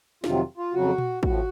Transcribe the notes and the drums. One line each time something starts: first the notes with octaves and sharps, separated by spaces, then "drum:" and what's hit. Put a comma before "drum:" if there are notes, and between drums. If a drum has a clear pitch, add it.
F2 C3 D#3 F#3 F4, drum: snare
F4
F2 C#3 F#3 F#4
drum: tom A#2
A2 F3 F#4, drum: kick